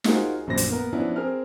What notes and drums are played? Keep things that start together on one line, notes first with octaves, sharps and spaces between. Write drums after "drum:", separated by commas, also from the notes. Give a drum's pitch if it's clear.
D#4 F4 F#4 G#4 A#4 C5, drum: snare
A#1 F#2 A#2 C5 A#6
drum: hi-hat
A#3 B3 A#4
F3 B3 C#4 D4 E4 B4
C4 G#4 A#4 F6